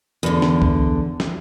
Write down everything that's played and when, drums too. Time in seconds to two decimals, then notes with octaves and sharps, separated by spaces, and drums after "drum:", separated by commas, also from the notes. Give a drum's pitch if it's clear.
0.23 E2 D3
0.42 drum: snare
0.62 drum: kick
1.20 drum: snare